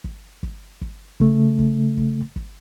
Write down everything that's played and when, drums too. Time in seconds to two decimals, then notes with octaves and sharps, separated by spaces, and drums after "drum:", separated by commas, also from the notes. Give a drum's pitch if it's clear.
0.04 drum: kick
0.43 drum: kick
0.81 drum: kick
1.20 C#3 A3, drum: kick
1.59 drum: kick
1.97 drum: kick
2.36 drum: kick